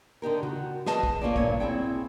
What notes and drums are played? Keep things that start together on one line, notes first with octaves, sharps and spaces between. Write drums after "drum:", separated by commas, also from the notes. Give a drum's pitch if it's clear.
D3 D#4 G4 A#4
F#4, drum: tom C#3
G#4 B4 D#5 A5, drum: snare
drum: kick
A#3 C#4 F4 D5
G2 A#2 C#5, drum: kick
C4 E4 G#4 G5